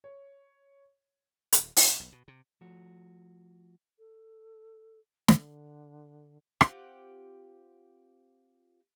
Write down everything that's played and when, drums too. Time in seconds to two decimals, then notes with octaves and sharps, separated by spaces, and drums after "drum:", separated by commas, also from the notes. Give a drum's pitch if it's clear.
0.04 C#5
1.52 D#1, drum: hi-hat
1.77 A#2, drum: open hi-hat
2.00 B1
2.12 B2
2.28 C3
2.61 F3 A3 F#4
3.99 A4
5.28 D3, drum: snare
6.61 C4 F4 G4 F#5, drum: rim click